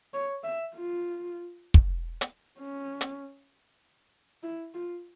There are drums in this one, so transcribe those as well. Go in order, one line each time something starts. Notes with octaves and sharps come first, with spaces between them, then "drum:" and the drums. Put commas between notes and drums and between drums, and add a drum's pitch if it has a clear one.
C#5
E5
F4
drum: kick
drum: hi-hat
C#4
drum: hi-hat
E4
F4